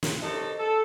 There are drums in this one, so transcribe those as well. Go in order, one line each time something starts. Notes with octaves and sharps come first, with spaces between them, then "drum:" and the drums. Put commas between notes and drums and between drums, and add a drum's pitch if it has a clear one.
drum: snare
F#2 C3 D#4 A4 D#5
A4